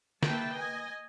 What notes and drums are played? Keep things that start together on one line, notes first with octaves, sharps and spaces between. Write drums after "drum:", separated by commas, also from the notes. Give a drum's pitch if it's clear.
A#3 B4 E5 G5 A5, drum: snare
D#5 G#5